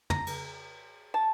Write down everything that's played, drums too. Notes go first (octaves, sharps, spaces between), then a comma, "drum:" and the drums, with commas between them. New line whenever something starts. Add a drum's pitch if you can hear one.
A#5, drum: tom
drum: cymbal
A5